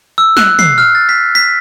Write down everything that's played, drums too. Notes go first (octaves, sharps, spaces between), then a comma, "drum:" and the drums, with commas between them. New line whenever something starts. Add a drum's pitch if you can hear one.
E6
F#6, drum: snare
C7, drum: tom
F6
A6
B6
B6